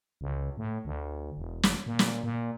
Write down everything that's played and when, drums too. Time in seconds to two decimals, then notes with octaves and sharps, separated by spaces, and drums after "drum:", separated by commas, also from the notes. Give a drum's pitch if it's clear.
0.21 C#2
0.57 A2
0.85 D2
1.37 E1
1.63 drum: snare
1.86 A#2
1.99 drum: snare
2.24 A#2